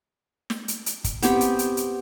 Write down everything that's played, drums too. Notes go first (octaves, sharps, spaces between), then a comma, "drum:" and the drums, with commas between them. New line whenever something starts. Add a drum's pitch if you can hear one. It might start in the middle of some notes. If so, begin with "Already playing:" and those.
drum: snare
drum: hi-hat
drum: hi-hat
drum: kick, hi-hat
B3 C4 G4, drum: hi-hat
drum: hi-hat
drum: hi-hat
drum: hi-hat